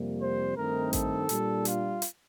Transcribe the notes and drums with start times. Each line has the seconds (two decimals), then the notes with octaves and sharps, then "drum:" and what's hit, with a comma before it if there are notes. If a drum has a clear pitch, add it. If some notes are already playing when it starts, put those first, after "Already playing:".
Already playing: F2 C3 G3 A#3
0.19 C5
0.56 G2 D#3 A3 C4 D#4 A#4
0.93 A4, drum: kick A1, hi-hat
1.29 A#2 G3 D4, drum: hi-hat
1.65 F4, drum: hi-hat
2.02 drum: hi-hat